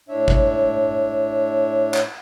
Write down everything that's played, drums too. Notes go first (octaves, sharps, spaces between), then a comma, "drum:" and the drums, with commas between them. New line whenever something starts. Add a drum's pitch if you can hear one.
A2 D4 C#5 E5
drum: kick
drum: clap